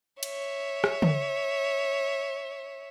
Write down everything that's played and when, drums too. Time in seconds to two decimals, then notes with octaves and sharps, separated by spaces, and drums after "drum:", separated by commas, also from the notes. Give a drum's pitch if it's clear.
0.23 C#5 E5, drum: cymbal
0.84 drum: rim click
1.02 drum: tom